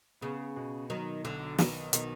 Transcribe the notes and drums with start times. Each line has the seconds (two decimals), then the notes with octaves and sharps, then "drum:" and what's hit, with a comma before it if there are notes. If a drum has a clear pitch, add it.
0.21 C#3 B3
0.56 B2
0.90 D#3 F#3
1.24 B1 D3
1.58 D#3 B3, drum: snare
1.93 B2 D#3, drum: hi-hat